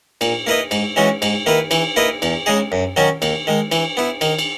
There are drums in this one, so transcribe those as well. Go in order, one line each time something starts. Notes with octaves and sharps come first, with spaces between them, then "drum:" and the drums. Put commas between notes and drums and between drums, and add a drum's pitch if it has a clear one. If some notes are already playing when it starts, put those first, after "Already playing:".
A#2, drum: cymbal
A#3 E4 B4 D#5
G#2, drum: cymbal
E3 G#3 C#4 F#4
G#2, drum: cymbal
D#3 A#3 E4 B4
E3, drum: cymbal
A#3 E4 B4 D#5
E2, drum: cymbal
C#3 G#3 D#4 G#4
F#2
D#3 F#3 C#4 F#4
D#2, drum: cymbal
D#3 G#3
E3, drum: cymbal
B3 E4
D#3, drum: cymbal
drum: cymbal